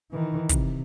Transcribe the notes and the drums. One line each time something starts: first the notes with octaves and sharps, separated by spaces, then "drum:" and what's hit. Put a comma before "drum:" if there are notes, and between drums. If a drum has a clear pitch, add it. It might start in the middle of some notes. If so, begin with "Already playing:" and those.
D#3 E3
C3, drum: kick, hi-hat